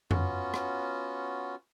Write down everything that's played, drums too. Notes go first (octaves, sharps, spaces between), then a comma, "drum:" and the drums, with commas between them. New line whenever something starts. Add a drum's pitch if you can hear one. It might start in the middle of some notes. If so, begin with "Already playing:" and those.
B3 C#4 F4 F#4, drum: tom F2
drum: rim click